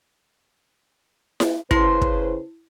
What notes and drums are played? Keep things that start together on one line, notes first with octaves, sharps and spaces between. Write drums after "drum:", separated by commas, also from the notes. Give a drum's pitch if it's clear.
drum: snare E4
C#3 E4 B4 C5 C6, drum: kick
drum: kick